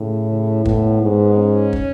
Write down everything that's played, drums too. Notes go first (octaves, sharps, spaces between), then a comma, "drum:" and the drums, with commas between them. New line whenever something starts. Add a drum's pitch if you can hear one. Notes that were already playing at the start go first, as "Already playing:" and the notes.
Already playing: A2 C#3
C#3
A2 B3, drum: kick
G#2
C#4
drum: kick